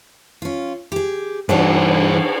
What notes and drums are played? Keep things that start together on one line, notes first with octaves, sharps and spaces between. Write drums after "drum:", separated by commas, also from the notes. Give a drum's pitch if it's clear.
C#4 F4
G4 G#4
G2 E3 D4 C5 F#5, drum: cymbal